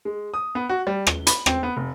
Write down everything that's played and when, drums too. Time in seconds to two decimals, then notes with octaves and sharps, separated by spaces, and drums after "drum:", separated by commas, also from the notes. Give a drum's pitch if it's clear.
0.05 G#3
0.34 D#6
0.55 B3
0.69 F#4
0.87 G3
1.07 G7, drum: rim click
1.27 B5, drum: hi-hat
1.46 C4, drum: rim click
1.63 B3
1.77 F1